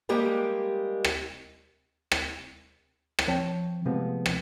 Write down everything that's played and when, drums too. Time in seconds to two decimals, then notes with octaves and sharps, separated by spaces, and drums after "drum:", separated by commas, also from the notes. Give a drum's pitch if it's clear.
0.09 G3 G#3 A#3 G4
1.04 drum: rim click
2.12 drum: rim click
3.19 drum: rim click
3.28 F3 C4 C5 C#5 G5 A5
3.85 C3 F3 G#3 A3 B3 C4
4.26 drum: rim click